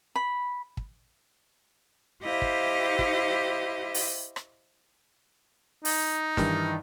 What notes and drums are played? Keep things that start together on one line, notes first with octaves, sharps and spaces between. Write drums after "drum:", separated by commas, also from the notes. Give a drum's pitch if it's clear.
B5
drum: kick
E4 G4 C5 D#5 F5
drum: kick
drum: kick
drum: open hi-hat
drum: rim click
D#4, drum: open hi-hat
G2 D#3 E3, drum: snare